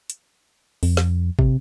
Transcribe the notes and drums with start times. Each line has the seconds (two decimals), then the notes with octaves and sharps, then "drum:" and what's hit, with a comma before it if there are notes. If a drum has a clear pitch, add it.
0.10 drum: hi-hat
0.83 F2, drum: open hi-hat
0.97 drum: snare
1.39 C3, drum: kick